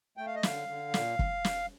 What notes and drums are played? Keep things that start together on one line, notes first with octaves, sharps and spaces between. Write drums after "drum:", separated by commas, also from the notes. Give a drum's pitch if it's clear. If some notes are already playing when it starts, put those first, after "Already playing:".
A3 G5
F5
D#5
D3 F5, drum: snare
D3
A#2, drum: snare
drum: kick
drum: snare